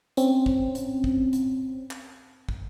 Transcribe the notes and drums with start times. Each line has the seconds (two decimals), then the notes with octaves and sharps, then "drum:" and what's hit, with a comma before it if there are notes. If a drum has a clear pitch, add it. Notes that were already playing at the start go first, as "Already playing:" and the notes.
0.17 C4 C#4, drum: hi-hat
0.46 drum: kick
0.75 drum: hi-hat
1.04 drum: kick
1.33 drum: hi-hat
1.91 drum: clap
2.49 drum: kick